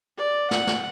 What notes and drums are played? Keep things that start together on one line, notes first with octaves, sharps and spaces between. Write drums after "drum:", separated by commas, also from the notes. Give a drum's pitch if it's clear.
D5
F#5, drum: snare
drum: snare